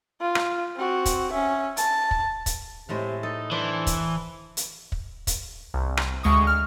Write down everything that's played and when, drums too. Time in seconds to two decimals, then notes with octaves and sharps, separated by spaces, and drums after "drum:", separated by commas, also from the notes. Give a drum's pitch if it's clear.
0.21 F4
0.35 drum: rim click
0.76 C4 F#4
1.05 drum: kick, hi-hat
1.32 C#4 E5
1.77 A5, drum: hi-hat
2.11 drum: kick
2.46 drum: kick, hi-hat
2.89 A2 C3 G#3 A3
3.23 D#4 A4
3.51 E3 D4 C5
3.87 drum: kick, hi-hat
4.57 drum: hi-hat
4.92 drum: kick
5.27 drum: kick, hi-hat
5.74 C2
5.97 drum: rim click
6.23 D2 G#3 C#6 D#6
6.47 F6